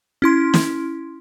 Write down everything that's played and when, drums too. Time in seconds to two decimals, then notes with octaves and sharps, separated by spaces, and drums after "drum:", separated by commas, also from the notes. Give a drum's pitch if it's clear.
0.22 C#4 E4 C6
0.54 drum: snare